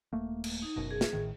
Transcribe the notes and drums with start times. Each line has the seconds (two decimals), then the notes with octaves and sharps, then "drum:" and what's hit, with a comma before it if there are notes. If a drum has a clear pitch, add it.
0.13 D#1 A3 A#3
0.44 drum: cymbal
0.62 D#4
0.76 F#1 F#2 B2 A#4
0.91 G#4
1.01 drum: snare
1.13 A1 A2 D#3